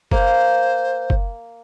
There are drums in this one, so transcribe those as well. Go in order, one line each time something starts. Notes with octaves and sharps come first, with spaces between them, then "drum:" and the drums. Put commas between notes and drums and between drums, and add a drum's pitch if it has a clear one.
A#3 C5, drum: kick F#1
drum: kick F#1